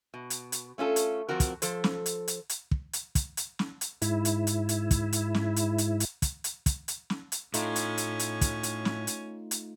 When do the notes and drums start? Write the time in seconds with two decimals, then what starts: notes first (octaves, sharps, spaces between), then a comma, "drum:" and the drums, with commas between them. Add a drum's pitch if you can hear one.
0.14 B2
0.30 drum: hi-hat
0.52 drum: hi-hat
0.78 A3 C#4 F4 A4
0.96 drum: hi-hat
1.29 F2 F3 C4 F#4 A#4
1.40 drum: kick, hi-hat
1.62 F3 A4 C5, drum: hi-hat
1.84 drum: snare
2.06 drum: hi-hat
2.28 drum: hi-hat
2.49 drum: hi-hat
2.71 drum: kick
2.93 drum: hi-hat
3.15 drum: kick, hi-hat
3.37 drum: hi-hat
3.59 drum: snare
3.81 drum: hi-hat
4.02 G#2 E4, drum: hi-hat
4.25 drum: hi-hat
4.47 drum: hi-hat
4.69 drum: hi-hat
4.91 drum: kick, hi-hat
5.13 drum: hi-hat
5.34 drum: snare
5.56 drum: hi-hat
5.78 drum: hi-hat
6.00 drum: hi-hat
6.22 drum: kick, hi-hat
6.44 drum: hi-hat
6.66 drum: kick, hi-hat
6.88 drum: hi-hat
7.10 drum: snare
7.32 drum: hi-hat
7.54 A2 A3 C#4 D#4 F4, drum: hi-hat
7.76 drum: hi-hat
7.98 drum: hi-hat
8.19 drum: hi-hat
8.41 drum: kick, hi-hat
8.63 drum: hi-hat
8.85 drum: snare
9.07 drum: hi-hat
9.51 drum: hi-hat